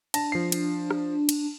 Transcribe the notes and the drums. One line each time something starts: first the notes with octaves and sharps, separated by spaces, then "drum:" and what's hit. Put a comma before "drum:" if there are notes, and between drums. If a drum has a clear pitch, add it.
D4 A5 A#6, drum: cymbal
F3 C7
drum: cymbal
drum: rim click
drum: cymbal